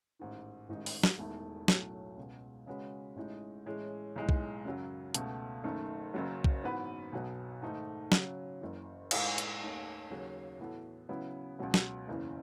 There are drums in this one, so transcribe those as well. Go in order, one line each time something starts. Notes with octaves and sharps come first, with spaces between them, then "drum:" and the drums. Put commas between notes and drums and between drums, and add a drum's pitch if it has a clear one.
A1 G#2 D#3
A1 G#2 D#3 G#3 D#4
drum: open hi-hat
drum: snare
E1 E2 D#3 A3 E4
B1 A2 F#3 A3 C#4, drum: snare
C#2 B2 G#3
C#3 G#3 C#4 F#4 B4
A1 A2 G#3 D#4
A2 E3 G#3 C#4 G#4
B1 A2 G#3 D#4
drum: kick
F#2 C#3 F#3
C#2 B2 A3, drum: hi-hat
F#1 F#2 D#3 A3
F#1 F#2 C#3 F#3
drum: kick
G#2 E3 B3 F#4 B4
B1 B2 F#3 B3
G#2 D#3 A3 D#4
C#3 F#3 C#4, drum: snare
F#1 F#2 E3
A2 G#3 D#4 A4, drum: cymbal
drum: hi-hat
D#2 D#3 A3 C#4
D#2 C#3 F#3 C#4 G#4
A2 E3 B3 F#4 A4
C#3 F#3 B3 E4 B4
C#2 B2 F#3 B3
drum: snare
F#1 E2 C#3 E3